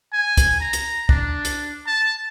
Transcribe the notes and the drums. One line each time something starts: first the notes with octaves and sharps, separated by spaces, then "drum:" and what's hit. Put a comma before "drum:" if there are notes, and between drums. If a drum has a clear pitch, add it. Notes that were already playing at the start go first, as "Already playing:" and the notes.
G#5
drum: kick, hi-hat
A#5
drum: hi-hat
D4, drum: kick
drum: hi-hat
A5